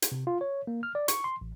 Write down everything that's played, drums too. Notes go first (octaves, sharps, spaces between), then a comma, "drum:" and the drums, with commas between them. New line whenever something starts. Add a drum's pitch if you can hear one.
drum: hi-hat
C3
F4
C#5
A#3
F6
D5
C#6, drum: hi-hat
C6
A1